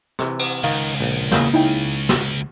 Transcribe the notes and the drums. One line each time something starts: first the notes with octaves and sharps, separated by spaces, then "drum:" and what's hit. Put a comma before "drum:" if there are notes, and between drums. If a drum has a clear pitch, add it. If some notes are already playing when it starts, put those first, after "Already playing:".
C3 E3, drum: rim click
drum: cymbal
C#2 D#3 F5
A#1
E2 C#3 A#3 D#5 G6, drum: snare
C#3 D#4 E4 G5
drum: snare